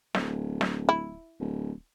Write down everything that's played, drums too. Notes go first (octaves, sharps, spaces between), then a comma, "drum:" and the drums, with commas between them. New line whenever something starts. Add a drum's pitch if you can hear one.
D1, drum: snare
drum: snare
E4
D1